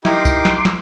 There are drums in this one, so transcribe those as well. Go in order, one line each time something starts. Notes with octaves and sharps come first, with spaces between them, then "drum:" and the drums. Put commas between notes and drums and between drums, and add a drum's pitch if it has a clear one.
D#4 E4 G4 A#4 C6 D6, drum: snare
drum: kick B1, tambourine
drum: snare
drum: snare